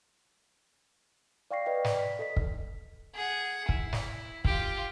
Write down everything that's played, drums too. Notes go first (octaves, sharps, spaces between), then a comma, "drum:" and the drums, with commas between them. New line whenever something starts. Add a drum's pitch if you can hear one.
D5 F5 G5 C#6 A#6 C7
B4 D5 D#5 G5
drum: snare
B6
A4 D#5 B6
drum: kick
G#4 F#5
E4, drum: kick
drum: snare
F4 G4, drum: kick